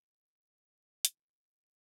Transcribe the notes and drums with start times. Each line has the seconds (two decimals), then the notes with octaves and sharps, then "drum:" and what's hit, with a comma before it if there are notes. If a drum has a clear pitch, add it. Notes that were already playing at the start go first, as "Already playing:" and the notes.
Already playing: D2 C#3 E3 A3
0.26 B4
1.05 F2 C3 D#3, drum: hi-hat